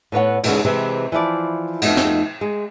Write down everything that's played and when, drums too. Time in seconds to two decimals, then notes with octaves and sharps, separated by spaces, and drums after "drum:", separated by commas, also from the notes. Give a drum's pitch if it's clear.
0.12 A2 B3 C#5 F#5
0.43 E2 B2 D3 D#3 G#3 C#4, drum: cymbal
0.65 C3 E3 G#3 C4 E4
1.12 E3 F3 E4 D5
1.82 F2 A3 B3 D#4 F#4, drum: cymbal
1.97 drum: snare
2.41 G#3